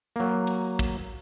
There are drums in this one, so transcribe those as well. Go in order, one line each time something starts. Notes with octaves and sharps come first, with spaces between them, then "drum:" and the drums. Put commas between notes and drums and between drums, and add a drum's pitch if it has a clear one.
F#3 A#3
drum: cymbal
drum: kick